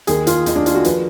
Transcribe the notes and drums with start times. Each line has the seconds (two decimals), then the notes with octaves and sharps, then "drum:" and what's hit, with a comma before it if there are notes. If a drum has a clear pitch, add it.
0.07 D#2 D#3 G#4, drum: hi-hat
0.27 F4, drum: hi-hat
0.46 D#2 D#3 D#4, drum: hi-hat
0.56 D4
0.66 F4, drum: hi-hat
0.75 F#4
0.85 F3 B4, drum: hi-hat